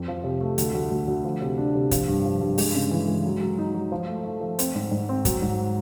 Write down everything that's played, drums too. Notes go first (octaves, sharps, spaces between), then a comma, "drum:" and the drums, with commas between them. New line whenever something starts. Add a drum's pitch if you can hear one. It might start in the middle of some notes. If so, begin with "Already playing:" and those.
Already playing: F2
F3
C3
A3
D2, drum: hi-hat
D2
D2
D2
F3
C3
D4
C3
F3, drum: kick, hi-hat
G2
F3
G2
G#3, drum: open hi-hat
C#3
E3
G#3
F#3
F#3
D#4
F#3
F3
A3
A3
F3
C4, drum: hi-hat
G#2
G#2
C4
F#3, drum: kick, hi-hat
G#2